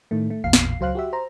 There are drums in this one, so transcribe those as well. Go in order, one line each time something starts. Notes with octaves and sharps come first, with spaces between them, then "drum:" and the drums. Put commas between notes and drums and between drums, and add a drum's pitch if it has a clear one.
A2 D#3 A3
A3
A1 E2 A#2 F5 C7
drum: snare
C#2 F#3 C5 F5 F#6
F#4 G4 E5
C5 A#5